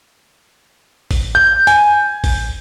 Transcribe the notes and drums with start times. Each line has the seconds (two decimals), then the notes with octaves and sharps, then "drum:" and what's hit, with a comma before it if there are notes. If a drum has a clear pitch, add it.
1.11 drum: kick A1, open hi-hat
1.35 G6
1.67 G#5, drum: hi-hat
2.24 drum: kick A1, open hi-hat